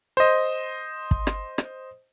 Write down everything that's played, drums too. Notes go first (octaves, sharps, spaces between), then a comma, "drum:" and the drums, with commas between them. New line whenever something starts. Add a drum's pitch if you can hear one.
C5 D#5
drum: kick
drum: rim click
drum: rim click